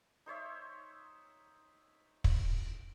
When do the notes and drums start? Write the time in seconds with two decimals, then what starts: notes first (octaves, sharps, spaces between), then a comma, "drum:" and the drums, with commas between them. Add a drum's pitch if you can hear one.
0.26 D#4 C5 C#5 E5
2.24 drum: kick